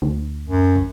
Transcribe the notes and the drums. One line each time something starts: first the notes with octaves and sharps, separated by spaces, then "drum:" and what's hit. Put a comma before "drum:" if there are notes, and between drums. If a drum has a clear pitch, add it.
D2
F#2
drum: kick